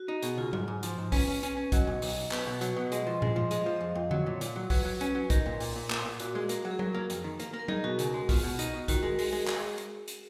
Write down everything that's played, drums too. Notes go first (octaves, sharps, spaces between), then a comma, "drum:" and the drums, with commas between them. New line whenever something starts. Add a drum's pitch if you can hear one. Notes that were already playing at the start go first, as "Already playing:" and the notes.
Already playing: F#4
D#4
B2 G#4, drum: hi-hat
C#2 F4
G#2 F4, drum: tom F#3
G#2
F3, drum: hi-hat
G#2
C#4 B4, drum: kick B1, open hi-hat
C#4
C#4, drum: hi-hat
C#4
F#3 D#5, drum: kick B1, hi-hat
B1
B1, drum: open hi-hat
B1
B2 B4, drum: clap
B2
F#3, drum: hi-hat
B2
G#3 D#5, drum: hi-hat
F3
G#3, drum: tom A#2
F3
G#3 D#5, drum: hi-hat
F3 F5
F2 D#5
F2
F#3 C#5, drum: tom D3
A#2
A#2, drum: hi-hat
F#3
F#3 B4, drum: kick B1, open hi-hat
F#3
C#4 B4, drum: hi-hat
F#3
D#4 A#4, drum: kick B1, hi-hat
A#2
A#2, drum: open hi-hat
A#2
A#2, drum: clap
A#2
A#2 F#4, drum: hi-hat
G#3
A#3, drum: hi-hat
F#3
G#4
F#3 A#4, drum: tom F#3
A#3
F2, drum: hi-hat
D#3
A#3, drum: hi-hat
A#3
A#4
D#4 G#4, drum: tom F#3
B2 F#4
C#2, drum: hi-hat
G#3
B2 F4, drum: kick B1, open hi-hat
B2
D#4, drum: hi-hat
B2
D#3 F#4, drum: kick B1, hi-hat
G#3 A#4
G#3, drum: open hi-hat
G#3
G#3 G#4, drum: clap
drum: hi-hat
drum: hi-hat